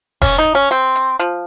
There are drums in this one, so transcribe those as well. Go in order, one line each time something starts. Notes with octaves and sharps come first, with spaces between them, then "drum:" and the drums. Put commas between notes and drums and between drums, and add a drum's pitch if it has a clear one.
C#4, drum: kick E1, open hi-hat
D#4
C#4
C4, drum: hi-hat
drum: hi-hat
F3, drum: hi-hat